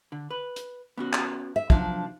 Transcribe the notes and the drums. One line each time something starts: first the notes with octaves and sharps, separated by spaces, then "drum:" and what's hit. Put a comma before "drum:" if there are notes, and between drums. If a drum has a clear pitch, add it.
D3
B4
drum: hi-hat
B3 C#4 F#4
drum: clap
E5
C2 F3 F#3 D4, drum: kick